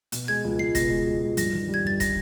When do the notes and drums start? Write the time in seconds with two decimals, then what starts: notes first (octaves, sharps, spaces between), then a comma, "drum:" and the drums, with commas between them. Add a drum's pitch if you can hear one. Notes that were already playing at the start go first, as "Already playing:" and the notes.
0.12 B2, drum: hi-hat
0.28 G#3 G#6
0.44 C#2
0.59 C#2 C7
0.75 B2 A#6, drum: kick, hi-hat
0.90 G#3
1.06 C#2
1.22 C#2
1.37 G2 A#6, drum: hi-hat
1.53 D#3
1.68 G3
1.74 G#6
1.85 G1 A6
2.00 A#6, drum: kick, hi-hat